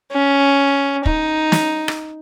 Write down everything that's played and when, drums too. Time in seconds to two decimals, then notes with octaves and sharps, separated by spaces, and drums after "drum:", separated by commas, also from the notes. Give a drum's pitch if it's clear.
0.12 C#4
1.06 D#4, drum: kick
1.52 drum: snare
1.88 drum: rim click